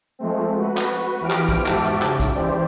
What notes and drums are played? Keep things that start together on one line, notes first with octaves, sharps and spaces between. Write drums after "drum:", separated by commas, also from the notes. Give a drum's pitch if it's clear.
F3 G#3 A3 C4
F#4 B4
drum: clap
E2 E3 F3 G4 F6 D7
drum: clap
drum: kick, hi-hat
G#2 F#4 G4 E5 A5 D6, drum: clap
drum: hi-hat
C#3, drum: clap
drum: kick, hi-hat
E3 G4 C5 D5